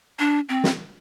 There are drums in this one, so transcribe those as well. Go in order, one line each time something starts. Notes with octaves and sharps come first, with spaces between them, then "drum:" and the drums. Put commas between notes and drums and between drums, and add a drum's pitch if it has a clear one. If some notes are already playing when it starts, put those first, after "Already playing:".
D4
C4
drum: snare